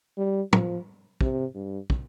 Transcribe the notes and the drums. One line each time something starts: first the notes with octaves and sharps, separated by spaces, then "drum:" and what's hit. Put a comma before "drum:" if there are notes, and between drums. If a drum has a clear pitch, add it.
G3
F3, drum: tom
C3, drum: kick
G2
drum: kick